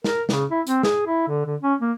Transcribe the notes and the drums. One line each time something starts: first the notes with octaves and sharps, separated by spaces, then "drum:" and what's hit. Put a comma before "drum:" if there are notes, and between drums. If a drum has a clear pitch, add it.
A#4, drum: snare
C#3, drum: snare
E4
C4, drum: hi-hat
G#4, drum: snare
E4
D3
D3
C#4
A#3